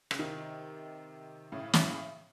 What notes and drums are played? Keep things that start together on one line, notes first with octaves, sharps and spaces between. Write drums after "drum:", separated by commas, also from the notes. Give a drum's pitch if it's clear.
C#3, drum: rim click
C3 D#3
A2 C#3
A2 C#3, drum: snare